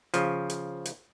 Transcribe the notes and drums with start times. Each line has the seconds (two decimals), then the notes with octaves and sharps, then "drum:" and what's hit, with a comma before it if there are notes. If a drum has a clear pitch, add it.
0.14 C#3 F3, drum: hi-hat
0.50 drum: hi-hat
0.85 drum: hi-hat